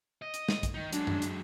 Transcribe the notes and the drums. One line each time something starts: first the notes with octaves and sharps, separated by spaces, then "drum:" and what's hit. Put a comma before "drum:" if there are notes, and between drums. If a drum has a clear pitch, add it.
D#5
drum: hi-hat
drum: snare
drum: kick, hi-hat
D#3 D#4
F#3 G#3 D4, drum: hi-hat
drum: tom F#2
drum: hi-hat